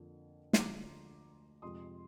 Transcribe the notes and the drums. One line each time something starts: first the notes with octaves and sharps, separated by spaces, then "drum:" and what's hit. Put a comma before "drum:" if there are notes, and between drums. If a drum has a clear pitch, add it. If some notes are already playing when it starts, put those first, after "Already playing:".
Already playing: F2 D3 F3 A#3
C6, drum: snare
D2 D3 F3 G#3 A#5 D6
F2 C3 F3 G#3 C6 D#6